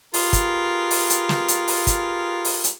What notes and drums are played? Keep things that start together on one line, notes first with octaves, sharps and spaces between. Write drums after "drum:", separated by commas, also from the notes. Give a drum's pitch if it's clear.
F4 G4 G#4 A#4 B4, drum: open hi-hat
drum: kick, hi-hat
drum: open hi-hat
drum: hi-hat
drum: snare
drum: hi-hat
drum: open hi-hat
drum: kick, hi-hat
drum: open hi-hat
drum: hi-hat